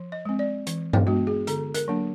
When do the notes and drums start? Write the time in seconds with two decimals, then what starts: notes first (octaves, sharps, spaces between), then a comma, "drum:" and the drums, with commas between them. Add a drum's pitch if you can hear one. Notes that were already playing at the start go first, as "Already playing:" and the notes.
Already playing: F3
0.12 D#5
0.25 G#3 C4
0.39 D5
0.67 E3, drum: hi-hat
0.93 drum: tom G2
1.07 G#3 B3 D4 F#4
1.27 G#4
1.47 D3 A4, drum: hi-hat
1.74 A#4, drum: hi-hat
1.88 F#3 A#3 D4